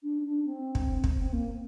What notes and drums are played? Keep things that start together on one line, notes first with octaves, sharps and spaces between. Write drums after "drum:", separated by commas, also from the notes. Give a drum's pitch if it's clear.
D4
D4
C4
drum: kick
drum: kick
C4
A#3